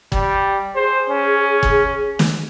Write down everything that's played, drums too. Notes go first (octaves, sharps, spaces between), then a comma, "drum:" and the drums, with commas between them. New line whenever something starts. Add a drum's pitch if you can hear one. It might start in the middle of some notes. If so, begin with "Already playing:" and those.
G3, drum: kick
G#4 C5
C#4
drum: kick
drum: snare